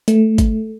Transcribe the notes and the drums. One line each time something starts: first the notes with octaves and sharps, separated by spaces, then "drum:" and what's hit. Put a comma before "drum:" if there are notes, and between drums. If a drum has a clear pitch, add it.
A3, drum: hi-hat
drum: kick, hi-hat